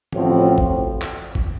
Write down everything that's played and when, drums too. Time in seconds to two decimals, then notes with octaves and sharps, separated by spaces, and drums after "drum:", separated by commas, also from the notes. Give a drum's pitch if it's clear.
0.13 A1 A2 F3 C4 F#4, drum: tom
0.58 drum: kick A1
1.02 drum: clap
1.35 drum: kick A1